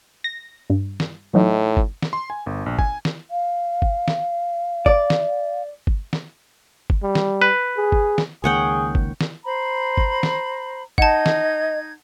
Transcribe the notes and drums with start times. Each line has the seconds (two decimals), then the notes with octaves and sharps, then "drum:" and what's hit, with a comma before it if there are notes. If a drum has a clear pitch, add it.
0.24 A#6
0.70 G2
1.00 drum: snare
1.34 A2 E3 F#3 D#4
1.77 drum: kick G1
2.02 drum: snare
2.13 C6
2.30 G#5
2.46 G1
2.66 A#1
2.79 G#5, drum: kick G1
3.05 drum: snare
3.31 F5
3.82 drum: kick G1
4.08 drum: snare
4.86 D5, drum: kick G1
5.10 drum: snare
5.87 drum: kick G1
6.13 drum: snare
6.90 drum: kick G1
7.03 G3
7.15 drum: snare
7.42 B4
7.77 G#4
7.92 drum: kick G1
8.18 drum: snare
8.44 C#2 D#3 A#3 G#4 C#5 F#5 G5
8.95 drum: kick G1
9.21 drum: snare
9.44 C5 A#5 B5
9.98 drum: kick G1
10.23 drum: snare
10.98 D#4 D#5 F#5 A5 G#6, drum: kick G1
11.26 drum: snare